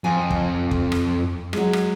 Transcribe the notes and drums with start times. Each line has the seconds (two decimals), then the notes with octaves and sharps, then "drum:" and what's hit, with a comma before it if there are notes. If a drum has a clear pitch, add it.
0.04 F2 G#5
0.30 drum: kick
0.71 drum: kick
0.92 drum: rim click
1.53 F#3 G#3, drum: rim click
1.73 drum: rim click